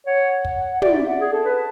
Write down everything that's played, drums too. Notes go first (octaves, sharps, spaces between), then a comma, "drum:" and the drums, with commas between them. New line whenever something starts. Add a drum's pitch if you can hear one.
C#5 F#5
drum: kick
D5 E5, drum: tom
F#5
G#4
A4 A5
B4